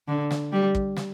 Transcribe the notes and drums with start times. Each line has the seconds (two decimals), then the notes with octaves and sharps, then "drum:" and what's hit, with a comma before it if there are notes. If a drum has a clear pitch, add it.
0.08 D3
0.31 drum: snare
0.52 G3
0.75 drum: kick
0.97 drum: snare